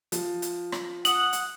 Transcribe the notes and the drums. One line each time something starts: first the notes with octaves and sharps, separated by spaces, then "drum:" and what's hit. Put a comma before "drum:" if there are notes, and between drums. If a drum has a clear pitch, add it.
F3, drum: hi-hat
drum: hi-hat
drum: rim click
F#5 D#6 F#7, drum: hi-hat
drum: hi-hat